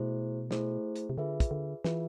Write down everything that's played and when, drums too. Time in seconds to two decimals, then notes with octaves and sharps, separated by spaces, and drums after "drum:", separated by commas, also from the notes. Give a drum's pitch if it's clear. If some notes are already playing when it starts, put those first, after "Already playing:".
Already playing: B2 A3 E4 G#4 C5
0.51 A3 E4 G#4 C5, drum: snare
0.96 drum: hi-hat
1.10 C3
1.18 D3 F4 G#4 B4 E5
1.40 drum: kick, hi-hat
1.51 D3
1.84 E3 F4 G#4 B4 E5, drum: snare